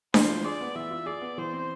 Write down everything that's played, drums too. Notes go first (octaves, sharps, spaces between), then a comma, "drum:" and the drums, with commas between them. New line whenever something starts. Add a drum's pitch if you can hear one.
E3 C5, drum: snare D4
F4
G#4 D5
B3
E3 E5
F4
G#4 D5
B3
E3 C5
C4